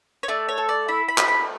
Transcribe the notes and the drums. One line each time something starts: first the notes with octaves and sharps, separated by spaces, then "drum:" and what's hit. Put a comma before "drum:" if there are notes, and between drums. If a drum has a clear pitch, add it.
C#5
A3 D5
C#5
A4
D5
E4 B5
B5
A3, drum: clap
B5